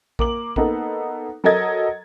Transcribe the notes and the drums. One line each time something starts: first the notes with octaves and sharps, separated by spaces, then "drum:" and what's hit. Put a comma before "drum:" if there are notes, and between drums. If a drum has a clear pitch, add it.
A#3 D6 F#7, drum: kick A#1
A#3 B3 D#4 A4, drum: kick A#1
F#3 A4 A#4 D#5 G#6 A6